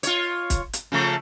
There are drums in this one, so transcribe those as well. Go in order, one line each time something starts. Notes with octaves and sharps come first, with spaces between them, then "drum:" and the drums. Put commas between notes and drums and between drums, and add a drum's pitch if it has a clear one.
F4 C#5, drum: hi-hat
drum: kick, hi-hat
drum: hi-hat
C#3 F3 A3